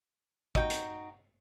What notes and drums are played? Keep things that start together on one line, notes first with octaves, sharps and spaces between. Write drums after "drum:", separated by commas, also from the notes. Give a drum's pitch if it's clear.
D#4 F#4 G5, drum: kick
drum: hi-hat